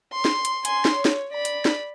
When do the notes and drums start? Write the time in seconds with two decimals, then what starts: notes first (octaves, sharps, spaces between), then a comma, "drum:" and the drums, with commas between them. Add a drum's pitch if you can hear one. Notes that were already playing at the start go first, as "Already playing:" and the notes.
0.13 C6
0.25 drum: snare
0.45 drum: hi-hat
0.65 G#5 C6, drum: hi-hat
0.85 drum: snare
0.95 C#5
1.05 drum: snare
1.32 D5 B5
1.45 drum: hi-hat
1.65 drum: snare